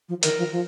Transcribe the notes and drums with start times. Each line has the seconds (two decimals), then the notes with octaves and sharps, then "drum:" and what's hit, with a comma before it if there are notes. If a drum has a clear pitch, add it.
0.09 F3
0.23 D#3 A#4, drum: hi-hat
0.38 F3
0.52 F3